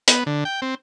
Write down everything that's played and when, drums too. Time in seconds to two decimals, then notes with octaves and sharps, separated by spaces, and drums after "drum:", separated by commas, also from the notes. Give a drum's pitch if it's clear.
0.08 B3, drum: hi-hat
0.26 D3
0.45 G5
0.62 C4